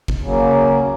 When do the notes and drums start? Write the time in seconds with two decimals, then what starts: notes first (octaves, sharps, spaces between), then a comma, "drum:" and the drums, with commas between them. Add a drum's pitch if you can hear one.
0.08 drum: kick G1
0.22 C#3 F#3 A#3